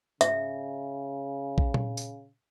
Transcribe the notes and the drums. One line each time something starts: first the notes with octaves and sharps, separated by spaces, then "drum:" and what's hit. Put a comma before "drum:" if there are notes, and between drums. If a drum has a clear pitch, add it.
C#3 E5, drum: hi-hat
drum: kick A#1
drum: tom A#2
drum: tambourine